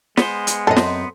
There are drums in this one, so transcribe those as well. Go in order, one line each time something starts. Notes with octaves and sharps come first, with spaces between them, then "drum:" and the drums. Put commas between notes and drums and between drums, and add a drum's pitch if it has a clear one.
G#3 B3 C5, drum: snare
drum: hi-hat
F#2 C4 A4 D#5
drum: snare